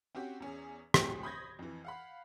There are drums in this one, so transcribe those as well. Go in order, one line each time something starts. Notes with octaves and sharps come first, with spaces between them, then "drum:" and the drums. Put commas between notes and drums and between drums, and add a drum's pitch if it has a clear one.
C4 C#4 F#4 G4
E2 C#4 G#4
A2 E3 F#3 G4 G#4, drum: rim click
B5 D#6 G6 G#6 A#6
F2 E3
F5 F#5 B5